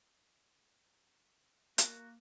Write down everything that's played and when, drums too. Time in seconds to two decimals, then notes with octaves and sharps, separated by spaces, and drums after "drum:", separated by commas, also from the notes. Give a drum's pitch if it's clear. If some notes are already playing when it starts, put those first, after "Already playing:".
1.78 A#3 F#4, drum: hi-hat